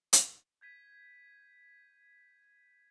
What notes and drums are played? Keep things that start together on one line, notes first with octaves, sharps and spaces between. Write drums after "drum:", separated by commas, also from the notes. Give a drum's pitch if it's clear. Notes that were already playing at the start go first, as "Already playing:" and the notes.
drum: hi-hat
G6 G#6 B6 D#7